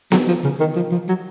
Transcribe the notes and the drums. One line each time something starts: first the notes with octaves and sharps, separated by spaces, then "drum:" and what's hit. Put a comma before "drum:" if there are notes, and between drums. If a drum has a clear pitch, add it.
F#3, drum: snare B3
F3
C#3
D#3
F3
F3
F#3